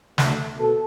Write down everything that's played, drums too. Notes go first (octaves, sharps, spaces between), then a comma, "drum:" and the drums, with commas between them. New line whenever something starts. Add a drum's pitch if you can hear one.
D2 D3 A3, drum: snare
B2 A4